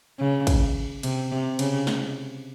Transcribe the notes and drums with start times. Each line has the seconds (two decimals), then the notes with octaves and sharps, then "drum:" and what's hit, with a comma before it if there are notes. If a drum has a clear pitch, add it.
0.19 C#3
0.47 drum: kick, cymbal
1.03 C3, drum: cymbal
1.32 C3
1.59 C#3, drum: cymbal
1.87 drum: snare